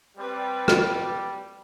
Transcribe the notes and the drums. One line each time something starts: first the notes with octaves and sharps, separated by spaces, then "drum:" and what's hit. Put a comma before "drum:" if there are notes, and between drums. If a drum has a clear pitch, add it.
G3 C4 B4
drum: rim click